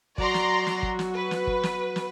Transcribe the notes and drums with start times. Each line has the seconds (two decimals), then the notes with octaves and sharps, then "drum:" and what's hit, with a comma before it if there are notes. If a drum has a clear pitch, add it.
0.18 F#3 F#4 D5 A#5 C6, drum: kick
0.34 drum: snare
0.67 drum: snare
0.83 drum: kick
0.99 drum: snare
1.14 B4
1.31 drum: snare
1.47 drum: kick
1.63 drum: snare
1.96 drum: snare